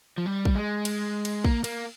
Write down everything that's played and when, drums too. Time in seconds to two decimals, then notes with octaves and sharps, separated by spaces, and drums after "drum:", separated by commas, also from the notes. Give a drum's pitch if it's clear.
0.18 F3
0.26 G3
0.45 drum: kick
0.55 G#3
0.85 drum: cymbal
1.25 drum: cymbal
1.44 A#3, drum: kick
1.64 A#3, drum: cymbal